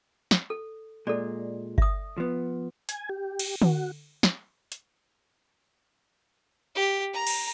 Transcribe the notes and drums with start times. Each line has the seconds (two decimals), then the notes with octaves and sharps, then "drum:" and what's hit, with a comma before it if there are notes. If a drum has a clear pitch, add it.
0.31 drum: snare
0.50 A4
1.07 A#2 G#3 A4 D5
1.78 E5 D#6, drum: kick G1
2.18 F3 B3
2.89 G#5, drum: hi-hat
3.09 G4
3.39 drum: cymbal
3.62 F#4, drum: tom
4.23 drum: snare
4.72 drum: hi-hat
6.75 G4
7.14 A#5
7.27 drum: cymbal